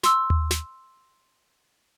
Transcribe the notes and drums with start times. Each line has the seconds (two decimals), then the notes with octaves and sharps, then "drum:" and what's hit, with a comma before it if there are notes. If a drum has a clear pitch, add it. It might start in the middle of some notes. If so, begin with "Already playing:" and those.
0.03 C6 E6, drum: snare
0.30 drum: tom D#2
0.51 drum: snare